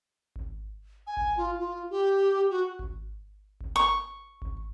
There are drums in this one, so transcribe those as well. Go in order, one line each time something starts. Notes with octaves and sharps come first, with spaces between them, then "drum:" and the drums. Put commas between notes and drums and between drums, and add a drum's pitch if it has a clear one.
drum: kick G#1
G#5
drum: kick G#1
F4
F4
G4
F#4
drum: kick G#1
drum: kick G#1
C#6
drum: kick G#1